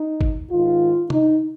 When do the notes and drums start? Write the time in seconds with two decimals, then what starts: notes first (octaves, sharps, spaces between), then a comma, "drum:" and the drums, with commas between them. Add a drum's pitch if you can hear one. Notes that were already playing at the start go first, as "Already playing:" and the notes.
Already playing: D#4
0.21 drum: kick
0.51 G#2 D#3 F4
1.10 D#4, drum: tom